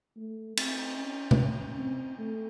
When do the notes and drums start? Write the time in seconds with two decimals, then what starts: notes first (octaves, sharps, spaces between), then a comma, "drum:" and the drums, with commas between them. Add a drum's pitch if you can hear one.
0.17 A3
0.57 C4, drum: cymbal
0.97 C#4
1.31 drum: tom C3
1.78 C4
2.19 A3